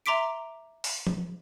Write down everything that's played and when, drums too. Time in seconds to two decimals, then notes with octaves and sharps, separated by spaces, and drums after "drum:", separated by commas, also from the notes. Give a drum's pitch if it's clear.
0.06 E5 A#5 C6 D6 B6 D7
0.84 drum: open hi-hat
1.07 drum: tom F3